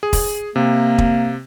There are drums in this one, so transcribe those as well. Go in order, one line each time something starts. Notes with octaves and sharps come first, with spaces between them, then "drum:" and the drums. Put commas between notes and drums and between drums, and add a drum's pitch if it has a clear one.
G#4
drum: kick, open hi-hat
C3 A#3
drum: kick